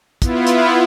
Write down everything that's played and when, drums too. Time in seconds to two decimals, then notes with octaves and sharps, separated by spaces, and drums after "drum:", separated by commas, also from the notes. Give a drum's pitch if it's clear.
0.22 B3 E4 F4, drum: kick, hi-hat
0.47 drum: hi-hat